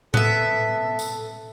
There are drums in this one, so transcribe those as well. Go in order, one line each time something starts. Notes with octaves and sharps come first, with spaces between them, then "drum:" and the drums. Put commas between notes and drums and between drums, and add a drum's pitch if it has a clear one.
B3 A4 E5, drum: tom A2
drum: tambourine